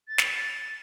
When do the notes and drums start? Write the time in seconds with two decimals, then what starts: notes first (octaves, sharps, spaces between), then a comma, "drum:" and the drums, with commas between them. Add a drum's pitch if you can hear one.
0.08 A6
0.18 drum: snare